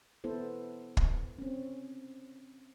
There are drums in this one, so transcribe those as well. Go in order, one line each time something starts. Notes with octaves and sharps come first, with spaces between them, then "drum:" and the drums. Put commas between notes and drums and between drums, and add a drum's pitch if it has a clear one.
B3 E4 A4 C5
drum: kick
C4 C#4